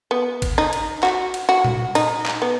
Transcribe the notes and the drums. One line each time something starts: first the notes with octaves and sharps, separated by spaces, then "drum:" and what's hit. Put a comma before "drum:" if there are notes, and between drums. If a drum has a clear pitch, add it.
B3
drum: kick G#1, cymbal
D#4
drum: cymbal
F#4, drum: clap
drum: cymbal
F#4
drum: tom A#2
D#4, drum: cymbal
drum: clap
B3